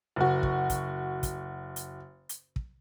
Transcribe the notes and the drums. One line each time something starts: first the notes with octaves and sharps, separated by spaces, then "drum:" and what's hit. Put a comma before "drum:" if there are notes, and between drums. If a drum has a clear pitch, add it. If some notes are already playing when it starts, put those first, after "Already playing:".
F#1 F#4
drum: kick
drum: kick, hi-hat
drum: kick, hi-hat
drum: hi-hat
drum: hi-hat
drum: kick